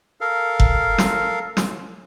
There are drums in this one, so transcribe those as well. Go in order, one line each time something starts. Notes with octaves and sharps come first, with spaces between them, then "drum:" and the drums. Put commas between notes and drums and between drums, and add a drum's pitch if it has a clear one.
A4 A#4 F5
drum: kick F1
drum: snare
drum: snare